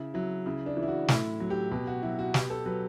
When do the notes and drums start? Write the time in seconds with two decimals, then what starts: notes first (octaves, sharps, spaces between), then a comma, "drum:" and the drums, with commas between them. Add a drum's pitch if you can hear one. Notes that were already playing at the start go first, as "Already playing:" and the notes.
Already playing: C#3 E4
0.14 F#3 E4
0.46 C#3 E4
0.66 D4
0.77 E3
0.83 E4
0.88 F#4
1.08 A2 E4, drum: snare
1.40 F#3
1.50 G4
1.71 B2 G4
1.87 F#4
2.03 F#3 E4
2.19 F#4
2.34 B2 G4, drum: snare
2.50 A4
2.66 F#3 B4